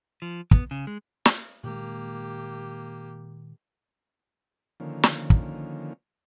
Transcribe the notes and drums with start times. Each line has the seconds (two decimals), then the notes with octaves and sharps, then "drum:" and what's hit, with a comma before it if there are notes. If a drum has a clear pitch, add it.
0.22 F3
0.51 B3, drum: kick
0.71 C#3
0.87 G#3
1.25 drum: snare
1.64 A#2 D#3 G#3 A#3 G4
4.80 D3 D#3 F3 A#3 C#4
5.03 drum: snare
5.30 drum: kick